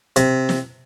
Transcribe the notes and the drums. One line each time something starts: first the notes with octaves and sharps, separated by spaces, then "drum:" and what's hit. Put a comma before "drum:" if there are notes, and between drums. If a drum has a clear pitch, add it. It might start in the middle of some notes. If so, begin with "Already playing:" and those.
C3, drum: hi-hat
drum: snare